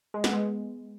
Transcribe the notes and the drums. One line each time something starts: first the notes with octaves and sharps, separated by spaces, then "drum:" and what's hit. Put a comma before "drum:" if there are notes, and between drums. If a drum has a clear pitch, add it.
G#3
B3, drum: snare
G#3